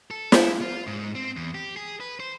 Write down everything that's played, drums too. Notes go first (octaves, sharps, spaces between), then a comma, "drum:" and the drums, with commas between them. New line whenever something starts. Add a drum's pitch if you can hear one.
A4
E4, drum: snare
F4
G#2
C4
E2
G4
G#4
B4
C5